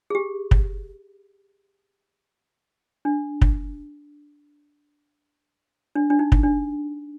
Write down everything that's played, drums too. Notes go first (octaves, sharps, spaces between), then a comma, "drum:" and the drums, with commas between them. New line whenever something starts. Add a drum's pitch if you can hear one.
G#4
G4
drum: kick
D4
drum: kick
D4
D4
D#4
drum: kick
D4